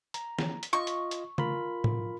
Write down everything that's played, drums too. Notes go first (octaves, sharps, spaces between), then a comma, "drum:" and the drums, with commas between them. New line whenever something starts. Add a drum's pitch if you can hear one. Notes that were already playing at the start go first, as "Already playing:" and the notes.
A#5, drum: hi-hat
drum: snare
drum: hi-hat
F4 D#5 C#6
drum: hi-hat
drum: hi-hat
F4 A#4 B5, drum: tom C#3
drum: tom